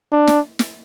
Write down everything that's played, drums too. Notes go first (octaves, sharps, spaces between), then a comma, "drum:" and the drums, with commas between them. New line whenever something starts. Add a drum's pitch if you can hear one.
D4
drum: snare
drum: snare